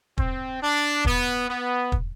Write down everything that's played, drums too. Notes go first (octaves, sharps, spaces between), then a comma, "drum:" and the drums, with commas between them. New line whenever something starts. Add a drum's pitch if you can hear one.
C4, drum: kick
D4
B3, drum: kick
B3
drum: kick